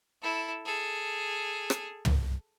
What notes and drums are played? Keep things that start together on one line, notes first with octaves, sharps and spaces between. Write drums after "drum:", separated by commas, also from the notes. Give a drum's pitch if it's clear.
E4 A4
G#4 A4
drum: rim click
drum: tom